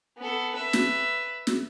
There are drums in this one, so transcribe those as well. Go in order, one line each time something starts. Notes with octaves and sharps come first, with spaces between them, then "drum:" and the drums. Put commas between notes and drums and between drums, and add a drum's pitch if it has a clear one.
B3 A4
B4 E5
drum: snare
drum: snare